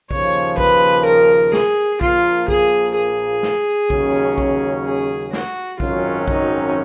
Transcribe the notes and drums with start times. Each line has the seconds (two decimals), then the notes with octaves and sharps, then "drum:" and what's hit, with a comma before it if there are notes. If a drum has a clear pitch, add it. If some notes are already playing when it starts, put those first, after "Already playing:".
0.11 D#2 C#3 F3 C#5, drum: kick A#1
0.58 B4, drum: kick A#1
1.06 A#4
1.53 G#4, drum: snare
2.01 A#1 A#2 F3 A#3 F4, drum: kick A#1
2.48 G#4, drum: kick A#1
2.96 G#4
3.43 drum: snare
3.90 D#2 C#3 F#3 C#4, drum: kick A#1
4.38 drum: kick A#1
4.85 G#4
5.33 F#4, drum: snare
5.80 G#1 F#2 D#3 F#3 C#4 F4, drum: kick A#1
6.28 D#4, drum: kick A#1